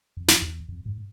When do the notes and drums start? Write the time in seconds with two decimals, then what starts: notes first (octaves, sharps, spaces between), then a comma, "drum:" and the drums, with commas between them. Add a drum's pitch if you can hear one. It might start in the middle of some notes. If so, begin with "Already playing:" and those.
0.17 F2
0.28 drum: snare
0.42 E2
0.69 F2
0.86 G#2